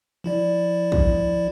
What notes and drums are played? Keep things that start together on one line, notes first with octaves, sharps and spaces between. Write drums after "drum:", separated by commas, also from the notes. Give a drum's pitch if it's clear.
F3 E4 D5
drum: kick